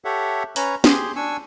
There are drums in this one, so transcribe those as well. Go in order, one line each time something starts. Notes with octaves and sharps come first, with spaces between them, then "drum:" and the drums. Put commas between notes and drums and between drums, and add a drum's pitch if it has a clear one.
G4 A4 C#5 E5 F#5
C#4 B4 C#5 A#5, drum: open hi-hat
G4 G#4 C6, drum: snare
D4 G#5 C#6 E6